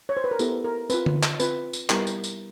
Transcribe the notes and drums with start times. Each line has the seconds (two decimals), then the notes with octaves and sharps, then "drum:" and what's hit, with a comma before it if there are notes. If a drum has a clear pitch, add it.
0.09 C#5
0.17 C5
0.24 B4
0.31 A#4
0.39 B3 E4 G4 A4, drum: tambourine
0.64 A#4
0.90 C4 F4 B4, drum: tambourine
1.06 drum: tom D3
1.23 drum: clap
1.40 C4 F4 B4, drum: tambourine
1.73 drum: tambourine
1.90 G3 B3 E4 G4 A#4, drum: clap
2.07 drum: tambourine
2.24 drum: tambourine